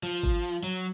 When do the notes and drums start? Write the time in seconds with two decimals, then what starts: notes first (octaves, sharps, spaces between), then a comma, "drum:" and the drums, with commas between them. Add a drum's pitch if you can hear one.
0.03 F3, drum: tambourine
0.23 drum: kick G#1
0.44 drum: tambourine
0.63 F#3